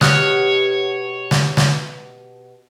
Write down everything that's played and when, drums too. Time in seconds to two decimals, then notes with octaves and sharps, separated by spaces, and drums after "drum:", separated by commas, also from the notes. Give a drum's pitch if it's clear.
0.01 B2 G4 C#5 D#6 F6 F#6, drum: snare
1.31 drum: snare
1.57 drum: snare